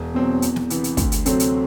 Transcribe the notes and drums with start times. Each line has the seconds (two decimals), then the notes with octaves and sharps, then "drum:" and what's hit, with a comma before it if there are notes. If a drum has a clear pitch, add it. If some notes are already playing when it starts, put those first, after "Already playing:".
Already playing: E1
0.14 E2 B2 F#3 C4
0.42 E2, drum: hi-hat
0.56 drum: snare
0.70 C3 E3 B3, drum: hi-hat
0.84 drum: hi-hat
0.97 D2, drum: kick, hi-hat
1.12 drum: hi-hat
1.26 C3 F#3 A3 C4, drum: hi-hat
1.40 drum: hi-hat